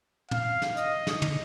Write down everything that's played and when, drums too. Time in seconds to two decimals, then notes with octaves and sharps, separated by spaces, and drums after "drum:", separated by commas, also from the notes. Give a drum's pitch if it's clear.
0.31 F5, drum: tom
0.62 drum: snare
0.77 D#5, drum: hi-hat
1.07 drum: snare
1.22 drum: tom